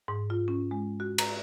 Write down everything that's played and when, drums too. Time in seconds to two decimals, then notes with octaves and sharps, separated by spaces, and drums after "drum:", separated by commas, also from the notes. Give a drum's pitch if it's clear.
0.08 G#2
0.30 F4
0.48 C#4
0.71 G#3
1.00 F#4
1.18 A#5, drum: cymbal